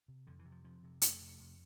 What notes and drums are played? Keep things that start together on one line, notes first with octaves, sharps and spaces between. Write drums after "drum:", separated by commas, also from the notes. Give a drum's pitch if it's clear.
C3
F2 D3
E3
C3
F3
F2 F3
C3
F2 A3, drum: hi-hat
C3
F2